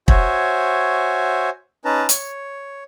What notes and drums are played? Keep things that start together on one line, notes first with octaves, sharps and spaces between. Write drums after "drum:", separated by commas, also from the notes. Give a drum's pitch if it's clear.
F#4 C5 C#5 E5 G#5, drum: kick
C#4 D#4 B4 A5 A#5
C#5, drum: hi-hat